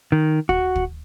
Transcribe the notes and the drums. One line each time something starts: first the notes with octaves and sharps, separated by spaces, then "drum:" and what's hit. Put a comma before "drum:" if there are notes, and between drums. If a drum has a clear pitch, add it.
D#3
F#4, drum: kick
drum: kick